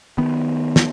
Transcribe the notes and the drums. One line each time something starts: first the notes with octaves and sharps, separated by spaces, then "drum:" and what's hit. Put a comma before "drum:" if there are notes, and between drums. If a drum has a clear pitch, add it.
D#3 B3
drum: snare